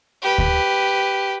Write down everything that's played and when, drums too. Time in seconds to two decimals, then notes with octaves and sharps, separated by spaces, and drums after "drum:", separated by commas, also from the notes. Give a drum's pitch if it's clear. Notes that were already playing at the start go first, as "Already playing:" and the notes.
0.22 G4 B4
0.38 drum: kick D2